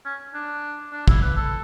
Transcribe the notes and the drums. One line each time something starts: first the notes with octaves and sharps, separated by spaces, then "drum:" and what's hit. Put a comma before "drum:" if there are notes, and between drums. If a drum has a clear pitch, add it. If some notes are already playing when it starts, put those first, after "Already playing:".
C#4
D4
D4
E4, drum: kick
B4
A4